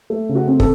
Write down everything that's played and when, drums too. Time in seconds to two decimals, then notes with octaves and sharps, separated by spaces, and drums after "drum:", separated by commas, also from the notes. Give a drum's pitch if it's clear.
0.10 A3
0.29 C#3
0.35 F#4
0.47 C4
0.60 A4, drum: kick